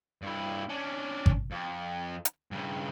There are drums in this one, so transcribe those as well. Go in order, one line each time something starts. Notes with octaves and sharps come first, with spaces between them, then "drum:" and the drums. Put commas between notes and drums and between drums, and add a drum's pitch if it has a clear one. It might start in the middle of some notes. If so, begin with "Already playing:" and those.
G2 E4
C#4 D4
drum: kick G#1
F2
drum: hi-hat
G2 C#3